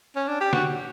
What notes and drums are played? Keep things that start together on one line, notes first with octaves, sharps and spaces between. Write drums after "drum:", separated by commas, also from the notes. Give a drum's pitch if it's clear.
C#4
D4
G4
F#4, drum: snare